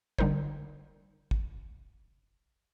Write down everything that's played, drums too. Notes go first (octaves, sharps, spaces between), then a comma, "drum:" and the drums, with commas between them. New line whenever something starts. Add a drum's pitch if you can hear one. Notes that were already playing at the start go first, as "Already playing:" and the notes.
D3 G3 D#4 A#4 C5, drum: kick
drum: kick